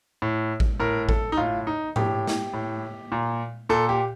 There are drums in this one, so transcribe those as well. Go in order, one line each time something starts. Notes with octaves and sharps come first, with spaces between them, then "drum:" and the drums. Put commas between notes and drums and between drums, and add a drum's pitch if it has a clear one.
A2
drum: kick A1
A2 A#4
A4, drum: kick A1
D#4
A2 F4
D#4
A2 G4, drum: tom G#2
drum: snare
A2
A#2
A#2 A4
G4